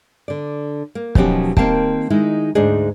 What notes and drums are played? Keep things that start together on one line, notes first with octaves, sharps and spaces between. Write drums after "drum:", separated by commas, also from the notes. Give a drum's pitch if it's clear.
D3 D5
A#3
D#2 B2 F3 F#3 C#4 G4, drum: kick
D#3 A#3 C4 F5 G5 A5, drum: kick
D#3 G#3 D#4 E4
D2 G#2 D4 D#4 G#4